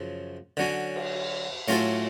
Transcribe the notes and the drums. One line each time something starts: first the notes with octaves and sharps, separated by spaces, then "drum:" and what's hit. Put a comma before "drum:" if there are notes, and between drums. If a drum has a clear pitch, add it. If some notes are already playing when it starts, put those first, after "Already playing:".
Already playing: F#2 C#3 F3
D3 F#3 C#4
drum: cymbal
A2 F#3 C#4 F4 A4, drum: hi-hat